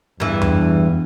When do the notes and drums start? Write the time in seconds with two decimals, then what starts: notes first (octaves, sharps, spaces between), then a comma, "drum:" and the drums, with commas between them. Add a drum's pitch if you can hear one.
0.20 E2 G2 E3
0.42 drum: tom F2